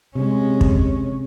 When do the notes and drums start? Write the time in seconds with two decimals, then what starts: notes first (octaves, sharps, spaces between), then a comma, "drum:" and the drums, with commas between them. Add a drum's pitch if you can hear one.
0.15 C3 G#3 C#4
0.61 drum: kick